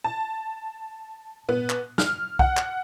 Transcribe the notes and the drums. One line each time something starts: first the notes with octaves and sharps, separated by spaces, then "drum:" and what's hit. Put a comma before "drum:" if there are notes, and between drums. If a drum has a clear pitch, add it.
A5
B3, drum: tom A#2
drum: clap
F6, drum: snare
F#5, drum: kick B1
drum: clap